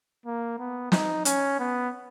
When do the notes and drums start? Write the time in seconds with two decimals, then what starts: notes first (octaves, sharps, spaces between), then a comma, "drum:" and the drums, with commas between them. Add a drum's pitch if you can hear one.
0.26 A#3
0.59 B3
0.92 D#4, drum: snare
1.25 C#4, drum: hi-hat
1.59 B3